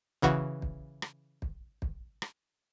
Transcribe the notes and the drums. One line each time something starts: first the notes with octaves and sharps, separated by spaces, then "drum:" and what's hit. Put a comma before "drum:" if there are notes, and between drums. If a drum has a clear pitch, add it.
C#3 E3 F#4, drum: kick
drum: kick
drum: rim click
drum: kick
drum: kick
drum: rim click